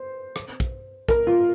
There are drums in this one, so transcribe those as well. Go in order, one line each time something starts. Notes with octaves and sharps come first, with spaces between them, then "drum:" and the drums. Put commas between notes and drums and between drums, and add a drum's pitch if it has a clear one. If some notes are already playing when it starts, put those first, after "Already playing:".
Already playing: C5
drum: rim click
drum: kick, hi-hat
A#4, drum: kick, hi-hat
F4